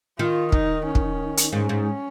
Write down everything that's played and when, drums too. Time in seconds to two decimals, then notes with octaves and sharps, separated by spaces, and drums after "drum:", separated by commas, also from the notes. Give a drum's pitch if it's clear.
0.19 D#3 F4
0.52 D#4, drum: kick
0.86 C#4
0.95 drum: kick
1.37 drum: hi-hat
1.52 G#2 C#4
1.69 G#2